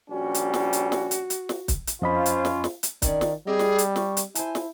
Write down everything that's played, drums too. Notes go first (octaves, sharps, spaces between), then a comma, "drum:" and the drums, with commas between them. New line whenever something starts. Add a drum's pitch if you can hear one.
A#1 G3 C#4 F#4
drum: hi-hat
drum: snare
drum: hi-hat
drum: snare
drum: hi-hat
drum: hi-hat
drum: snare
drum: kick, hi-hat
drum: hi-hat
F2 C#4 F4 C5 D#5 B5
drum: hi-hat
drum: snare
drum: snare
drum: hi-hat
D#3 C#4 D4 D5, drum: kick, hi-hat
drum: snare
G3 C4 G4 G#4 D#5
drum: snare
drum: hi-hat
C#6, drum: snare
drum: hi-hat
E4 C5 G#5 A5, drum: hi-hat
drum: snare